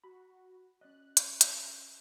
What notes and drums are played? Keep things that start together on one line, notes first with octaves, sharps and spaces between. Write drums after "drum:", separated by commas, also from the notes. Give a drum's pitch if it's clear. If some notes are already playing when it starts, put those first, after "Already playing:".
F#4 B5
C#4 D5 D#5 F#6
drum: hi-hat
drum: hi-hat